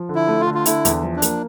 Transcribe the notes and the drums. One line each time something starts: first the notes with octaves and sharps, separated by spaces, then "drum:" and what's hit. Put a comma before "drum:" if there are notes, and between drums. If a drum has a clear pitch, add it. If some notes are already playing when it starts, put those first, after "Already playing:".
Already playing: F3
D3
E4
A3
F4
D3
F4
D3 E4, drum: hi-hat
E2, drum: hi-hat
F3
D4
A#3, drum: hi-hat